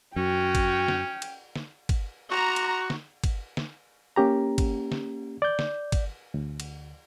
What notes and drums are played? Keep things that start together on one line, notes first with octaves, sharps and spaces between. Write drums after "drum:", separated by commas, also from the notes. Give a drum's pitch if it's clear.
F#2 C#4 F#4 G5
drum: kick, cymbal
drum: snare
drum: cymbal
drum: snare
drum: kick, cymbal
F#4 A#5
drum: cymbal
drum: snare
drum: kick, cymbal
drum: snare
A#3 C#4 G4 A#5
drum: kick, cymbal
drum: snare
D5 G6
drum: snare
drum: kick, cymbal
D2
drum: cymbal